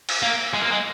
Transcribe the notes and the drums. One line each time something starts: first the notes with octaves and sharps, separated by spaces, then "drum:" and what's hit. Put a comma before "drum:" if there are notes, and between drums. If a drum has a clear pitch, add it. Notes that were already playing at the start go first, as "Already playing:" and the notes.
drum: cymbal
A#3
G#3
A#3
G#3